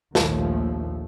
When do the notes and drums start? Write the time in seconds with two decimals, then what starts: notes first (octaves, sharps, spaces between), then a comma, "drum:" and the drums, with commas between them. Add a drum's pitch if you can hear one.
0.15 A#1 D#2 A#2 F3 A3, drum: snare